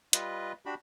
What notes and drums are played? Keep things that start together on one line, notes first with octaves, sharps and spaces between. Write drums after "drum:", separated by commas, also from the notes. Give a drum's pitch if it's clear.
G3 F4 B4 D#5, drum: hi-hat
D4 F#4 G4 B5